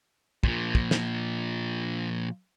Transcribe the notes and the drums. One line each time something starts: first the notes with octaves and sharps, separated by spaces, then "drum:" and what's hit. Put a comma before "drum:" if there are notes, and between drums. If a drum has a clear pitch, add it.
A#2 F3, drum: kick
drum: kick
drum: snare